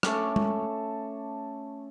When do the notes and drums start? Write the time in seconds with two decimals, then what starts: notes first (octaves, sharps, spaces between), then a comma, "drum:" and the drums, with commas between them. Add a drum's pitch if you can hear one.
0.03 A3 C#4 A4 D6, drum: rim click
0.36 drum: tom G#3